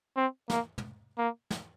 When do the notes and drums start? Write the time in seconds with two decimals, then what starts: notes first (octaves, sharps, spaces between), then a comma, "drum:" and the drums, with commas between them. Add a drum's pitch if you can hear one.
0.16 C4
0.50 A#3, drum: snare
0.78 drum: tom
1.18 A#3
1.51 drum: snare